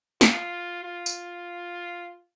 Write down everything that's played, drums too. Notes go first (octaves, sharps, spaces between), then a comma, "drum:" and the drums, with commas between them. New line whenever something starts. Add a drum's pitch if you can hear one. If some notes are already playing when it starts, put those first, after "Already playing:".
F4, drum: snare
F4
drum: tambourine